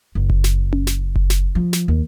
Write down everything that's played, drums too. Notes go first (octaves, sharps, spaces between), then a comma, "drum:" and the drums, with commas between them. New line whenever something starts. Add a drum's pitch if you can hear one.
F#1
drum: kick F#1
drum: snare
drum: tom C#4
drum: snare
drum: kick F#1
drum: snare
F3
drum: snare
D#2